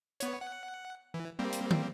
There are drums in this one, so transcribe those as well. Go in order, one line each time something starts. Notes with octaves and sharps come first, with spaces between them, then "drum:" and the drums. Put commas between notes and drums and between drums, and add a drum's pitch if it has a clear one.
B3 C#5, drum: hi-hat
F#5
E3
G3 A#3 C4
drum: hi-hat
drum: tom